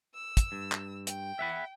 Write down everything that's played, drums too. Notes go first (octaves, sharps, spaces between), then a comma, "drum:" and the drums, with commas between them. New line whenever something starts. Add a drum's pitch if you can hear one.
E6
drum: kick, hi-hat
G2
drum: clap
G5, drum: hi-hat
E5 F#5 B5